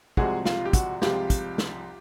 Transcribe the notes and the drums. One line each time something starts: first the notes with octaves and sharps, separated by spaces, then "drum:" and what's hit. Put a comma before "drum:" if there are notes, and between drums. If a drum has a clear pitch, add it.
C2 C3 F3 G#3 F#4 G#4, drum: kick
F4, drum: snare
G4
F#4, drum: kick, hi-hat
C2 C3 F3 G#3 F4 G4, drum: snare
drum: kick, hi-hat
drum: snare